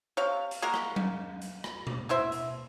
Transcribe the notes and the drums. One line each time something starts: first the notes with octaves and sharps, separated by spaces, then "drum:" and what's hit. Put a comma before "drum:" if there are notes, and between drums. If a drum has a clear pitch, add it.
C3 C#5 F5
drum: hi-hat
G#3 A#3 F#4 A#4
drum: rim click
drum: tom F#3
drum: hi-hat
drum: rim click
drum: tom B2
B2 E4 C5 E5
drum: hi-hat